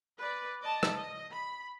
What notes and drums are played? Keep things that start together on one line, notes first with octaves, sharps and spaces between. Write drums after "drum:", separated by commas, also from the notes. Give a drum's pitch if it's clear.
B4 D5
D5 D#5 A5
drum: rim click
D#5
B5